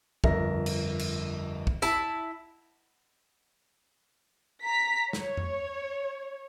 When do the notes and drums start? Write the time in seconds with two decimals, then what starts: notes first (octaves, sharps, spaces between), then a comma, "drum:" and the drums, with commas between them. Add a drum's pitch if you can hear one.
0.24 G1 F2 A#4 E5 A#6, drum: kick
0.66 drum: cymbal
0.99 drum: cymbal
1.67 drum: kick
1.82 E4 A5, drum: tambourine
4.64 A#5 B6
5.13 C#5, drum: snare
5.37 drum: tom F2